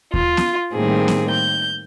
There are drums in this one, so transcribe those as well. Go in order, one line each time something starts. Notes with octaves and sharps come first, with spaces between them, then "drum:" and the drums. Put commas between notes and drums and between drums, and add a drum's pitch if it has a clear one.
F4, drum: kick D#2
drum: snare B3
A2 D#3 G3 A#3 C4 G#4
drum: snare B3
G6